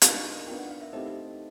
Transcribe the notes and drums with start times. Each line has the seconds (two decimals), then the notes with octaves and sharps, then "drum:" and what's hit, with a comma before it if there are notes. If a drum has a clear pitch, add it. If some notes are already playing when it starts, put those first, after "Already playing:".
0.02 B3 D4 D#4 F4 A#4 D#5, drum: hi-hat
0.47 B3 D4 F4 A#4 G5
0.59 F#5
0.71 F5
0.81 E5
0.93 A3 C4 D#4 E4 G4 D#5